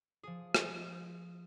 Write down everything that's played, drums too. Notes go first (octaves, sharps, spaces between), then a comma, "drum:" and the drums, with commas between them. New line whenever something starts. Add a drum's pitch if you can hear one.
F3 G#4
drum: rim click